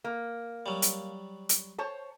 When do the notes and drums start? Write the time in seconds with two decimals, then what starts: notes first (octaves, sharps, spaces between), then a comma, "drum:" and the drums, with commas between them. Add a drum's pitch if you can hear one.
0.04 A#3
0.66 F#3 G3
0.82 drum: hi-hat
1.49 drum: hi-hat
1.78 C5 C#5 A5